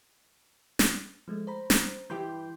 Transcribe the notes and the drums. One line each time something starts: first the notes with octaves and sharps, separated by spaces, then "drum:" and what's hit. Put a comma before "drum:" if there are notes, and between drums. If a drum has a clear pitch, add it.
drum: snare
F3 G#3 A3
C5 A#5 B5
drum: snare
G2 E3 G4 B5 C6 G6